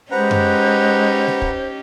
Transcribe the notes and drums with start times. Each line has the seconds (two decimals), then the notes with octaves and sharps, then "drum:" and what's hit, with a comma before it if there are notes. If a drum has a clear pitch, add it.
0.11 G#3 C#4 D#4 G4 B4 C5 F#5 A#5
0.31 drum: tom F#2
1.27 drum: snare G#3
1.42 drum: kick